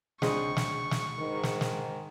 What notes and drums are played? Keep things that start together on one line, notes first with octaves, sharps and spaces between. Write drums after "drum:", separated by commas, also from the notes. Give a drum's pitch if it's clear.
C#2 C4 D4 G#4 D#5 C#6, drum: snare
drum: snare
drum: snare
G#2 D#3
drum: snare
drum: snare